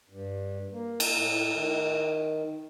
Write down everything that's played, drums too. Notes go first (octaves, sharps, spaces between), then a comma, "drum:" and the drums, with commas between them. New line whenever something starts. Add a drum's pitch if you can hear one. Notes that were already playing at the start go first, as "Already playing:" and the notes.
G2
A#3
drum: cymbal
A2
D#3